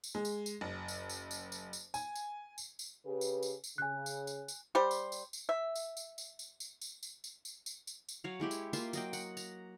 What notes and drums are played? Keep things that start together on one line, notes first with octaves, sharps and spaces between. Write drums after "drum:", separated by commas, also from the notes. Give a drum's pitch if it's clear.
drum: tambourine
G#3
drum: tambourine
drum: tambourine
F#1
drum: tambourine
drum: tambourine
drum: tambourine
drum: tambourine
drum: tambourine
G#5, drum: tambourine
drum: tambourine
drum: tambourine
drum: tambourine
C#3 G4 B4
drum: tambourine
drum: tambourine
drum: tambourine
C#3 G#5 F#6
drum: tambourine
drum: tambourine
drum: tambourine
G3 G4 C5
drum: tambourine
drum: tambourine
drum: tambourine
E5
drum: tambourine
drum: tambourine
drum: tambourine
drum: tambourine
drum: tambourine
drum: tambourine
drum: tambourine
drum: tambourine
drum: tambourine
drum: tambourine
drum: tambourine
drum: tambourine
F#3 C#5 F5
G#3 E4 G4 G5
drum: tambourine
A#3 F4 E5 C6, drum: tambourine
F#3 D#5 G5, drum: tambourine
F#5, drum: tambourine
A#5, drum: tambourine